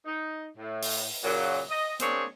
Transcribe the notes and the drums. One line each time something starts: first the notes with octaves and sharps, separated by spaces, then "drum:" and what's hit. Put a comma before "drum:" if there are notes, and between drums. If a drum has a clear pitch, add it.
D#4
A2
drum: open hi-hat
A#2 C#3 F#3
D#5
A#3 C4 D4 G#4 C5 C#5, drum: hi-hat